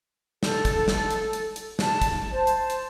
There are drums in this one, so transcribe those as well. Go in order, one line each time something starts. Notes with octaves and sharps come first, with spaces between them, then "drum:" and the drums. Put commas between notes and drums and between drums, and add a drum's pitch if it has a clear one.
A4, drum: snare
drum: kick, hi-hat
drum: snare
drum: hi-hat
drum: hi-hat
drum: hi-hat
A5, drum: snare
drum: kick, hi-hat
C5 A5
drum: hi-hat
drum: hi-hat